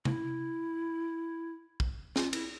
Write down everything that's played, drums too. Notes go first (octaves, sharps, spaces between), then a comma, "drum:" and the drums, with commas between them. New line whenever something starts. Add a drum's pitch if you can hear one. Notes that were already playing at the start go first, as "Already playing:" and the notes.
E4, drum: tom C3
drum: kick
F4, drum: snare
E4, drum: cymbal